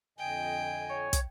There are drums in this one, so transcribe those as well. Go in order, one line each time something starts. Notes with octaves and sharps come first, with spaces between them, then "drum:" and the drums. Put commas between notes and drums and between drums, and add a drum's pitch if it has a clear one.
F2 D3 D#5 G5 G#5
C#5
drum: kick, hi-hat